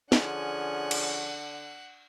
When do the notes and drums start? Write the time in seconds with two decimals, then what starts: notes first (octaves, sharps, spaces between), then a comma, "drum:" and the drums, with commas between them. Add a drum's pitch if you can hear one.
0.12 D3 F3 C#4 G#4 F#5, drum: snare
0.91 drum: cymbal